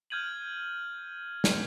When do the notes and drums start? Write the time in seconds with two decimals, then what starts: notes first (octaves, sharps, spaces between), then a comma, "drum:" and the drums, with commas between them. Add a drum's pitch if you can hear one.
0.10 F6 G6 G#6 D#7 F#7
1.44 drum: snare